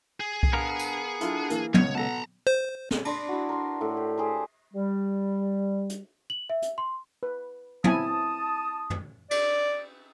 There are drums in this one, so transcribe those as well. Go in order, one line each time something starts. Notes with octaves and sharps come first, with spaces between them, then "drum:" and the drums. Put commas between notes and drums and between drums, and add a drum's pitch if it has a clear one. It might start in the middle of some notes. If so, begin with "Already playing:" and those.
G#4
drum: kick C2
B3 D4 A#4 F5
drum: tambourine
D4 E4 F4 A4, drum: hi-hat
E3 A#3, drum: hi-hat
C#2 B3 C#5, drum: tom
B2 A4 F#5 A5 A#5
C5
drum: snare
D4 B5 C6, drum: cymbal
E4 F#4
A#4 C6
A2
G4
G4 G#4 A#4 C5
G3
drum: hi-hat
F#7
E5
drum: hi-hat
C6
B4
C4 E4 G#5 A5 D#6, drum: tom
drum: tom
D5, drum: cymbal